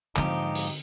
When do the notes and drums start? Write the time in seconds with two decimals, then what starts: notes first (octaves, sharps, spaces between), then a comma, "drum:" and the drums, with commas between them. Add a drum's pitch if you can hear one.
0.16 G#2 D3 F3 C4 D#4 G4, drum: clap
0.55 drum: open hi-hat